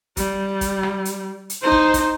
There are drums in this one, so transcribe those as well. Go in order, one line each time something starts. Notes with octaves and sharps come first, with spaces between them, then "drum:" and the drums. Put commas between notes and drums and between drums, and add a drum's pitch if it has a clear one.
G3, drum: kick, hi-hat
drum: kick, hi-hat
drum: rim click
drum: hi-hat
drum: hi-hat
D#4 C5
drum: kick
drum: kick, hi-hat